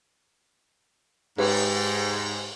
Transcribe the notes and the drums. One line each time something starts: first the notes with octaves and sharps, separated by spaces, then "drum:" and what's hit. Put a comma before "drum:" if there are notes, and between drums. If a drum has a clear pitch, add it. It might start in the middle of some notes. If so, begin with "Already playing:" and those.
G#2 G4 B4, drum: cymbal